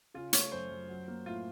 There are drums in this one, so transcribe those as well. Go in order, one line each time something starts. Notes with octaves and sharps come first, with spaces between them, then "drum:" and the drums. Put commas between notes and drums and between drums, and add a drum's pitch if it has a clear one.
C#3 F4
A3 C#5, drum: hi-hat
F#2 C5
F#2
F#3
A#3
A2 F4